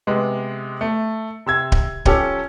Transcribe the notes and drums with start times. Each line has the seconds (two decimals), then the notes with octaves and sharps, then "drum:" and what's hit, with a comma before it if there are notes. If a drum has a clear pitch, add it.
0.07 C3 G#3 B3
0.81 A3
1.46 C3 E6 G#6
1.72 drum: kick D1
2.05 F3 C#4 G4 A4, drum: kick D1